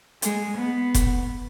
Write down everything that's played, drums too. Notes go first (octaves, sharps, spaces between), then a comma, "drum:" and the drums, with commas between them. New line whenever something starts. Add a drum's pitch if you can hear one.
G#3, drum: hi-hat
B3
drum: kick F1, hi-hat